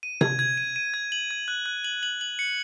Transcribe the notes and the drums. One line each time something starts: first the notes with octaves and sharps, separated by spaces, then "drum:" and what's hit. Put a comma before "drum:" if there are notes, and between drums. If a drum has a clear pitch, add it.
D#7
G#6, drum: tom C3
G#6
D#7
D#7
G#6
F#7
G#6
F#6
F#6
F#7
F#7
F#7
C#7